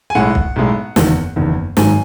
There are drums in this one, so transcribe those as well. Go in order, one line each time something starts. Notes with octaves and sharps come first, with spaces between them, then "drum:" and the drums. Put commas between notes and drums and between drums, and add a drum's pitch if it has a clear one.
G#5
B1 A2 G#3 F#5
drum: kick
B1 A2 G#3
F#1 E2 D#3, drum: snare
F#1 E2 D#3
G#1 G#2 D#3 F#3 G#5, drum: snare